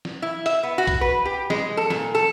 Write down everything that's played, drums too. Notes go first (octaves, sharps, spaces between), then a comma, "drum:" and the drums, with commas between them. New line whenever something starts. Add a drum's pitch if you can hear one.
drum: snare
E4
E5, drum: hi-hat
B3
F#4
drum: kick B1, hi-hat
B4
G4
G#3, drum: snare
A4
A#2, drum: snare
A4